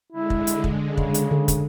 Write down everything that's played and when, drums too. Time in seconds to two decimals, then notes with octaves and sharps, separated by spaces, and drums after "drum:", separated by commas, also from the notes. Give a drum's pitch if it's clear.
0.12 D3 G#3 E4
0.30 drum: kick
0.47 drum: hi-hat
0.64 drum: kick
0.88 C#3
0.97 drum: kick
1.14 drum: hi-hat
1.31 D3
1.48 drum: kick, hi-hat